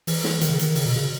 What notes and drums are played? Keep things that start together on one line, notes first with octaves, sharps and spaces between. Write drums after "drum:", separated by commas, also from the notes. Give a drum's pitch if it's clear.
E3, drum: open hi-hat
drum: snare
D#3, drum: hi-hat
C#3
D#3, drum: hi-hat
C#3, drum: open hi-hat
B2
C#3